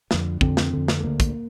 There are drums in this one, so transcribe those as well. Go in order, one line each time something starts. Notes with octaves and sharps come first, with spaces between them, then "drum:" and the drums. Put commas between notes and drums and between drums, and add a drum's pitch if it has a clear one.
F2 D3, drum: snare
F2 D3 C4, drum: kick
drum: snare
F2 D3
drum: snare
A3
D2 D3 A#3
drum: kick, hi-hat